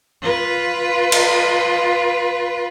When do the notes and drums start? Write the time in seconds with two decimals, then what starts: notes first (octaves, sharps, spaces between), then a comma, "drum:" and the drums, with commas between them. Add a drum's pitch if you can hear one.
0.21 F4 B4
1.12 drum: cymbal